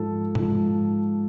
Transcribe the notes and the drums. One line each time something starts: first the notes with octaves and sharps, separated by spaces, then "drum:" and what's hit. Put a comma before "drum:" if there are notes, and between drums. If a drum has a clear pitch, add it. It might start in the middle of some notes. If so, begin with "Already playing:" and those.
Already playing: G#2 F3 A4
G#2 F3, drum: tom G#2